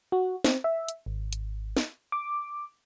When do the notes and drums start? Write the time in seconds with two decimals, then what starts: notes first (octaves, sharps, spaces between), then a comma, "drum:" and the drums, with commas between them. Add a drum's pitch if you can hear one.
0.12 F#4
0.44 C4, drum: snare
0.64 E5
0.89 drum: hi-hat
1.06 G#1
1.33 drum: hi-hat
1.77 drum: snare
2.12 D6